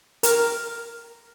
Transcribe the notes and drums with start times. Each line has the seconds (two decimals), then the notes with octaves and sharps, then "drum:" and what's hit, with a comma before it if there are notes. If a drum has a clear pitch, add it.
0.23 A#4, drum: hi-hat